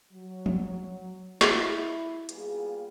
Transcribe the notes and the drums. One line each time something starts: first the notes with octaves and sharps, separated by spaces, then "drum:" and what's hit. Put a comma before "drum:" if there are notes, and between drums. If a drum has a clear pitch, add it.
F#3
drum: tom
E4, drum: snare
G3 A#3 B3 F4 F#4 G#4, drum: hi-hat